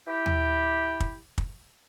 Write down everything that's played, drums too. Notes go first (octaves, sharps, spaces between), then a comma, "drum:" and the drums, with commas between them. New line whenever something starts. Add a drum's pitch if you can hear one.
E4 G4
drum: tom
drum: kick
drum: kick